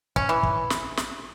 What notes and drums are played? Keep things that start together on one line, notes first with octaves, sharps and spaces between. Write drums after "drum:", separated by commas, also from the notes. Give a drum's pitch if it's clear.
C#4, drum: kick
E3
drum: kick
drum: snare
drum: snare